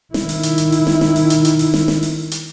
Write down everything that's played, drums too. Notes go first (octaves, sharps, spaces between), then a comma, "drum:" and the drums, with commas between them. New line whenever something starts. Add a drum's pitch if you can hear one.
D#3 E4, drum: snare
drum: open hi-hat
drum: hi-hat
drum: hi-hat
drum: open hi-hat
drum: snare
drum: snare
drum: open hi-hat
drum: hi-hat
drum: hi-hat
drum: open hi-hat
drum: snare
drum: snare
drum: open hi-hat
drum: hi-hat